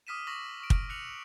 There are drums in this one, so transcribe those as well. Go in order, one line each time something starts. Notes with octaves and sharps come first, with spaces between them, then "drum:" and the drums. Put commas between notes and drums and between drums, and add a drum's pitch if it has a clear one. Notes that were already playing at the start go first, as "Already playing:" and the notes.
D6 D#6 F6 B6 D#7 E7
C#6 D6 E6 A#6 B6 F#7
C#6 D#6 D7
drum: kick
E6 F#6 C#7 F7 F#7